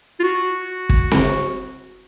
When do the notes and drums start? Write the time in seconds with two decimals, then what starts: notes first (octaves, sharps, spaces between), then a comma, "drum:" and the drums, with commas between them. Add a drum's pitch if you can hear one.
0.20 F4
0.23 F#4
0.89 drum: kick
1.11 drum: snare C4